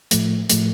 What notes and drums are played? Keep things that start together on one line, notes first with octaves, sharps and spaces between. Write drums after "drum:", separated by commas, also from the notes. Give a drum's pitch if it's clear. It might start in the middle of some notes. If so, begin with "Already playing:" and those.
A2 F3 A3, drum: hi-hat
A2 F3 A3, drum: hi-hat